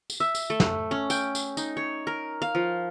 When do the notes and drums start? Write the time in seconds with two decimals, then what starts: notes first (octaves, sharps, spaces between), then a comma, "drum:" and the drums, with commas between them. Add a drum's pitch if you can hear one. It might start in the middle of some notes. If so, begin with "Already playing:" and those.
0.10 drum: tambourine
0.20 E5
0.35 drum: tambourine
0.50 A3
0.60 drum: snare
0.91 C#4
1.10 G5, drum: tambourine
1.35 drum: tambourine
1.57 D#4, drum: tambourine
1.77 C#5
2.07 A#4
2.42 F5
2.55 F3